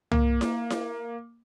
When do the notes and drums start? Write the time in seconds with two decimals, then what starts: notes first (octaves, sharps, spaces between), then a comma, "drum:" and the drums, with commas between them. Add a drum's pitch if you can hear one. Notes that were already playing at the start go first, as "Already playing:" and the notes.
0.12 A#3, drum: tom C2
0.41 drum: snare E4
0.70 drum: snare E4